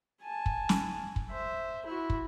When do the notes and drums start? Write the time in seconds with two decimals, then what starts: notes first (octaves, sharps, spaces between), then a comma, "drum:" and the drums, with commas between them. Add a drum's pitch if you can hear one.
0.22 G#5 A5
0.46 drum: kick
0.69 drum: snare
1.16 drum: kick
1.30 C5 E5
1.86 E4 F#4
2.10 drum: kick